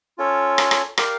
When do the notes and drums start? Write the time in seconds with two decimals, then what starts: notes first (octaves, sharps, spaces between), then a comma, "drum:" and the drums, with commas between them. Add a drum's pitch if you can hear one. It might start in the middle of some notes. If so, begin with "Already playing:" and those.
0.18 C#4 F4 A4 C#5
0.58 drum: rim click
0.71 drum: rim click
0.98 G4 A#4 D5 F5, drum: rim click